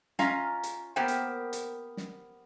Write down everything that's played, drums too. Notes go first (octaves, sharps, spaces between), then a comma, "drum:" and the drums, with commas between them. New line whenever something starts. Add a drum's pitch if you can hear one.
C#4 F4 D#5 F5 A#5, drum: snare
drum: hi-hat
A#3 B3 G4 A#4 C5 G5
drum: hi-hat
drum: hi-hat
drum: snare